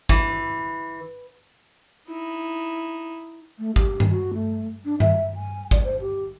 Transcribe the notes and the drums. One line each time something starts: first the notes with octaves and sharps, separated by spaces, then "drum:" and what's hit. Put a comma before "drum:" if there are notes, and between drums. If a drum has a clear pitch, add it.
E3, drum: kick
D#4 E4
A3
G4, drum: kick
drum: tom G2
F#4
A3
D4
E5, drum: tom G2
G#5
D5, drum: kick
C5
G4